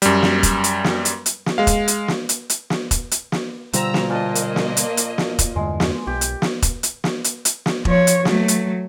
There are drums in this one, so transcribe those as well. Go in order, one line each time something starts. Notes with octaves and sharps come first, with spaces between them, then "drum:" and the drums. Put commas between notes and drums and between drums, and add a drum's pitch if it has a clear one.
F#2 G3, drum: hi-hat
drum: snare
drum: kick E1, hi-hat
drum: hi-hat
drum: snare
drum: hi-hat
drum: hi-hat
drum: snare
G#3 F5
drum: kick E1, hi-hat
drum: hi-hat
drum: snare
drum: hi-hat
drum: hi-hat
drum: snare
drum: kick E1, hi-hat
drum: hi-hat
drum: snare
B2 D3 F3 G3 A#5 E6, drum: hi-hat
drum: snare
A#2 A#3 D#5 A5
drum: hi-hat
drum: snare
drum: hi-hat
drum: hi-hat
drum: snare
drum: kick E1, hi-hat
E2 G2 D3 G#3
drum: snare
B1 G4
drum: hi-hat
drum: snare
drum: kick E1, hi-hat
drum: hi-hat
drum: snare
drum: hi-hat
drum: hi-hat
drum: snare
F3 C#5, drum: kick E1
drum: hi-hat
F#3 A3, drum: snare
drum: hi-hat